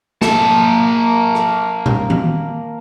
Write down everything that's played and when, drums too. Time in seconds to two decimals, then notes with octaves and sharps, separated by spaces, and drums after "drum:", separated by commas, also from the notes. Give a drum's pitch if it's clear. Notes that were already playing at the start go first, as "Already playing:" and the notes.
0.22 A#3 A5, drum: snare
1.35 drum: rim click
1.86 drum: tom A#2
2.10 drum: tom D#3